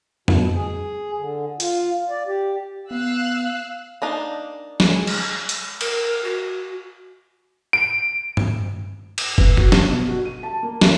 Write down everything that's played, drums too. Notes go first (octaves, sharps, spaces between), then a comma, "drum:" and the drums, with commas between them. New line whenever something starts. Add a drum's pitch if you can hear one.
B2, drum: tom F2
G#4
D3
F4, drum: hi-hat
D5
G4
B3 F5 E6 F#6
A#3 D4 D#4
F#3 G#3, drum: snare
drum: cymbal
drum: hi-hat
A#4, drum: cymbal
F#4
D7
drum: tom G2
drum: cymbal
B4, drum: kick
F#4, drum: kick
G2, drum: snare
B2
F#4
D#7
A5
A#3
F#1, drum: snare